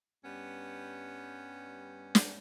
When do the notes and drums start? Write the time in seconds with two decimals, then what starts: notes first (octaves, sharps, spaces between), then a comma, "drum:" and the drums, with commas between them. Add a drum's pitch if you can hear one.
0.24 G2 G3 B3 C#4
2.15 drum: snare